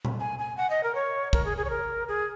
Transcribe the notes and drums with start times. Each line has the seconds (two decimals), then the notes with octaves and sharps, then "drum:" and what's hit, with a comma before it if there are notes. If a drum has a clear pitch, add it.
0.05 drum: tom A#2
0.20 G#5
0.39 G#5
0.58 F#5
0.70 D#5
0.84 A#4
0.95 C#5
1.33 A#4, drum: kick
1.45 G#4
1.57 G#4
1.65 C#5
1.70 A#4
2.08 G#4